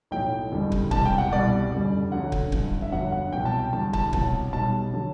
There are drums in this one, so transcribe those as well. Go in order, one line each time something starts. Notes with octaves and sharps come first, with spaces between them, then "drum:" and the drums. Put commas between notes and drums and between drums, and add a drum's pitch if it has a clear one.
B1 A2 F#3 G5
F#1 E2 D3 G3
drum: kick
E1 E2 C3 G3 A5, drum: kick
G5
F#5
C2 B2 G3 D5
F#1 F#2 D3 G3
D2 D3 F#3 F#5
drum: kick
A1 G2 D3, drum: kick
E5
G1 G2 F#3 F#5
F#5
C2 B2 F#3 G5
A5
G5
E2 D3 G3 A5
A5, drum: kick
C2 B2 F#3 A5, drum: kick
B1 B2 G3 A5
D3 F#3